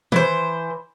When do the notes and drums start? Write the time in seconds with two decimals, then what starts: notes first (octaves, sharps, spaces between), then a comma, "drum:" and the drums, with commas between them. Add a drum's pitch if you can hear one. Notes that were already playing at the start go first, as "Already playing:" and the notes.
0.12 E3 C5, drum: tom D#3